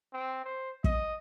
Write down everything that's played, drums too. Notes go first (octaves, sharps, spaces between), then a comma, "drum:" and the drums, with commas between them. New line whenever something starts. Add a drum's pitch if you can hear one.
C4
C5
D#5, drum: kick